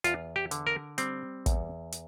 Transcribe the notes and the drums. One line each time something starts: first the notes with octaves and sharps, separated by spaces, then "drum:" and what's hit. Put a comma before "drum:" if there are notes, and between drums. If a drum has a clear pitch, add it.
E2 F4, drum: hi-hat
G4
D3, drum: hi-hat
A#4
G3 C4, drum: hi-hat
E2, drum: kick, hi-hat
drum: hi-hat